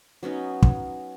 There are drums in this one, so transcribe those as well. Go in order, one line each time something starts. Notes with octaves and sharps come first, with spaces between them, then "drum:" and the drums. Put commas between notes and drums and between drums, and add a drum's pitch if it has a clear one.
F#3 B3 C#4 D#4
drum: kick